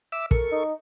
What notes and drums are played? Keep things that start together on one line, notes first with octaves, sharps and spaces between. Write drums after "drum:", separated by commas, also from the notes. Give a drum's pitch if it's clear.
E5 D6 E6
A4 A#4 C#6, drum: kick
D#4